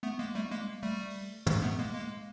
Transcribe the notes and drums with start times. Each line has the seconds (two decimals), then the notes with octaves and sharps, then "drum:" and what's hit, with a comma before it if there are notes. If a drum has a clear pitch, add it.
0.03 A3 B3
0.19 G#3 A#3
0.35 G3 A3
0.51 G#3 A#3
0.83 G3 A3
1.10 drum: open hi-hat
1.46 G#3 A#3, drum: tom
1.62 A3 B3
1.78 G#3 A#3
1.94 G#3 A#3